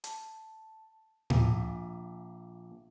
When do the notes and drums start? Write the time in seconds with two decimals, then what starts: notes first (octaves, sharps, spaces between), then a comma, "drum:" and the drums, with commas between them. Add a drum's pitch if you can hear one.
0.04 A5, drum: hi-hat
1.30 A#1 F4 E5 D6, drum: tom A2